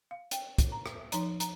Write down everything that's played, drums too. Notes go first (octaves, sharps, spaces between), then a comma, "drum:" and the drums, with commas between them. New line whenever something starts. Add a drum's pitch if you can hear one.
F5
G5, drum: hi-hat
drum: kick, hi-hat
A#5
drum: rim click
F3 D#4 A#5, drum: hi-hat
A#5, drum: hi-hat